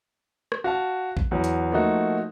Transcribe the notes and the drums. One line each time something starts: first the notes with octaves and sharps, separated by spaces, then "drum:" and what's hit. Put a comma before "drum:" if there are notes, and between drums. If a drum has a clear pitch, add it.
drum: rim click
F#4 F5 A5
drum: kick A1
E2 F#3
drum: hi-hat
F3 A3 A#3 D#4 F#4